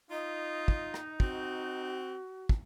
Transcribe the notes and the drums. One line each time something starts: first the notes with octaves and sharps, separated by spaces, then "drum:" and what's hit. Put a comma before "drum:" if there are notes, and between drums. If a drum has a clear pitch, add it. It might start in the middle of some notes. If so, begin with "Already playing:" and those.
D#4 F4 D#5
drum: kick
drum: rim click
C4 F#4, drum: kick
drum: kick